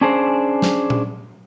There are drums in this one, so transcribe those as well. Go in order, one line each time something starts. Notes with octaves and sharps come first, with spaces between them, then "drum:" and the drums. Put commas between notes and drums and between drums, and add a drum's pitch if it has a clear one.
C#4 D4 G#4 C5
drum: snare
drum: tom A#2